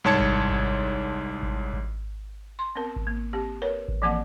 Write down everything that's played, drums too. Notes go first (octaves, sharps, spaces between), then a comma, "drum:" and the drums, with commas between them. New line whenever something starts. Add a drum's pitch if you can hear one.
C2 G#2 C#5 A5 G#6 C#7
drum: kick G#1
drum: kick G#1
drum: kick G#1
drum: kick G#1
C6
B3 C4 A#4
drum: kick G#1
A#3
C4 G4
A#4 B4 C#5
drum: kick G#1
E3 F3 A#3 C4 F#5